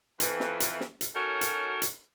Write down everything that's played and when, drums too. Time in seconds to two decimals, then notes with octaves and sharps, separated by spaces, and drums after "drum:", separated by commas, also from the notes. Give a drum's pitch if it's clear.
0.20 F2 E3, drum: hi-hat
0.40 drum: snare
0.60 drum: hi-hat
0.81 drum: snare
1.01 drum: hi-hat
1.15 F#3 C#4 D#4 F#4 A4 A#4
1.41 drum: hi-hat
1.82 drum: hi-hat